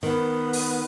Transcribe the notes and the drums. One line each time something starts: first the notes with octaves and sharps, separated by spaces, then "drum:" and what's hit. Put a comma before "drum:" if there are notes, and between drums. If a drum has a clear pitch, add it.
D#3 B3
drum: open hi-hat